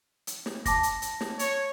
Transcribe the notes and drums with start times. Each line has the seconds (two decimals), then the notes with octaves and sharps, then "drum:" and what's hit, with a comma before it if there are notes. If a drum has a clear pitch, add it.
0.27 drum: hi-hat
0.46 drum: snare
0.66 A5 D6 A#6, drum: kick, hi-hat
0.83 drum: hi-hat
1.02 drum: hi-hat
1.21 drum: snare
1.39 C#5, drum: hi-hat